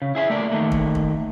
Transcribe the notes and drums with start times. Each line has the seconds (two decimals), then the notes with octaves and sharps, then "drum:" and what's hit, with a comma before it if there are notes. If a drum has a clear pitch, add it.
0.02 C#3
0.15 E4 G#4 C5 E5
0.30 A3 A#3 D4 B4 D5
0.51 D#3 A3 A#3
0.72 drum: kick
0.95 drum: kick